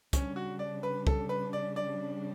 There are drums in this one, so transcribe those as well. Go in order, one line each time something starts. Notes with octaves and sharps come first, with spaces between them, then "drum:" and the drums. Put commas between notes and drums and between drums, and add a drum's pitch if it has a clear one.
C#3 G3 C#4 D4, drum: kick C2, hi-hat
F#4
D5
B4
A4, drum: kick C2
B4
D5
D5